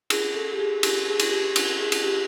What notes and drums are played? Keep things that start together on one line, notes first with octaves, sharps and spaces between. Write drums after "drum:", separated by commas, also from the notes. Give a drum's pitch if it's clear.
G#4, drum: cymbal
A4
G4
G#4
G4, drum: cymbal
G#4
drum: cymbal
G4
drum: cymbal
G#4
drum: cymbal
G4